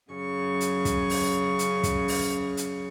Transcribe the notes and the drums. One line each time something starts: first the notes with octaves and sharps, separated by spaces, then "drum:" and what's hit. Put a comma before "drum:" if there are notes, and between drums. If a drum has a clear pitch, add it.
F#2 C#3 C#6
drum: hi-hat
drum: kick, hi-hat
drum: open hi-hat
drum: hi-hat
drum: kick, hi-hat
drum: open hi-hat
drum: hi-hat